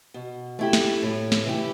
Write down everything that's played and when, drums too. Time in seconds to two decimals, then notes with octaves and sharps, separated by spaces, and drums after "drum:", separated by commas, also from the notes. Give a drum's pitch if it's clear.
0.14 B2
0.59 A3 E4 G4
0.73 drum: snare
1.02 A2
1.32 drum: snare
1.46 E3 A3 E4 G4